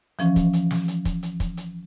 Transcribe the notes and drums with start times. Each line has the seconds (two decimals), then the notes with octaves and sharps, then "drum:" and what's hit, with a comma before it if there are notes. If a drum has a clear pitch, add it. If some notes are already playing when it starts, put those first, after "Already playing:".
0.19 E3 F3 C#4, drum: hi-hat
0.36 drum: kick, hi-hat
0.53 drum: hi-hat
0.71 drum: snare
0.88 drum: hi-hat
1.05 drum: kick, hi-hat
1.23 drum: hi-hat
1.40 drum: kick, hi-hat
1.57 drum: hi-hat